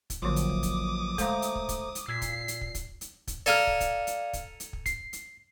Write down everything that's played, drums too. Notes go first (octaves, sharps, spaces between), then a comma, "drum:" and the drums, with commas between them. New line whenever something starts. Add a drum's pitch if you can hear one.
drum: kick, hi-hat
A1 D3 F3 F#3 A#3 C6 D6 D#6
drum: hi-hat
drum: kick
drum: kick, hi-hat
G#3 A3 A4 C5 F5 A#5, drum: kick, hi-hat
drum: hi-hat
drum: kick
drum: kick, hi-hat
drum: hi-hat
A#2 E6 G#6 B6 C7
drum: kick, hi-hat
drum: hi-hat
drum: kick
drum: kick, hi-hat
drum: hi-hat
drum: kick, hi-hat
A4 D5 F5 G#5 A#5 F6
drum: kick
drum: kick, hi-hat
drum: hi-hat
drum: kick, hi-hat
drum: hi-hat
drum: kick
C7, drum: kick, hi-hat
drum: hi-hat